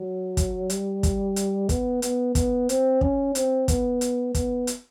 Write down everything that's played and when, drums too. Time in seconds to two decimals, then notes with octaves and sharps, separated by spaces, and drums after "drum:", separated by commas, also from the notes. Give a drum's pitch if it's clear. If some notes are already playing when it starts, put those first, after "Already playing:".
Already playing: F#3
0.37 drum: kick, hi-hat
0.70 G3, drum: hi-hat
1.03 drum: kick, hi-hat
1.36 drum: hi-hat
1.69 B3, drum: kick, hi-hat
2.02 B3, drum: hi-hat
2.35 B3, drum: kick, hi-hat
2.69 C4, drum: hi-hat
3.01 C#4, drum: kick
3.35 C4, drum: hi-hat
3.68 B3, drum: kick, hi-hat
4.01 drum: hi-hat
4.35 B3, drum: kick, hi-hat
4.67 drum: hi-hat